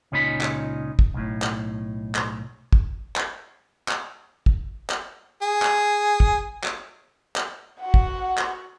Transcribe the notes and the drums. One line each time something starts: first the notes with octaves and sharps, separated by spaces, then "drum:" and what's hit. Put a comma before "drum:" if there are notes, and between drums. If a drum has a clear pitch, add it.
C#2 A#2 C#4 D#4 B5
drum: clap
drum: kick
B1 A2
drum: clap
drum: clap
drum: kick
drum: clap
drum: clap
drum: kick
drum: clap
G#4
drum: clap
drum: kick
drum: clap
drum: clap
F#4 F#5
drum: kick
drum: clap